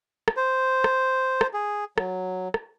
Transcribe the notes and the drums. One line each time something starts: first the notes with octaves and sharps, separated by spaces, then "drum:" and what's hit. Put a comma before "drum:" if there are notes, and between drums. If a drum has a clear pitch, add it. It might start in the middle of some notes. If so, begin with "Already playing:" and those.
drum: rim click
C5
drum: rim click
drum: rim click
G#4
F#3, drum: rim click
drum: rim click